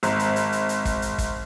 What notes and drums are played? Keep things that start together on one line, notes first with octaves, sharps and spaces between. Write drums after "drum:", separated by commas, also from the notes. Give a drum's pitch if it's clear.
G#1, drum: hi-hat
drum: hi-hat
drum: hi-hat
drum: hi-hat
drum: hi-hat
drum: kick, hi-hat
drum: hi-hat
drum: kick, hi-hat